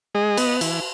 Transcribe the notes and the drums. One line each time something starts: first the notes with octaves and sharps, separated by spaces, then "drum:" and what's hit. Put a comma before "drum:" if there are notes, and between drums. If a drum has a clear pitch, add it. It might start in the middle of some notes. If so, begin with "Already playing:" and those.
G#3 D#5
B3, drum: cymbal
E3, drum: cymbal